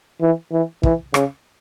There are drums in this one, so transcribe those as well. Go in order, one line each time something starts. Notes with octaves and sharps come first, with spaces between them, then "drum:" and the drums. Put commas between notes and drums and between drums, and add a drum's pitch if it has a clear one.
E3
E3
E3, drum: kick
C#3, drum: rim click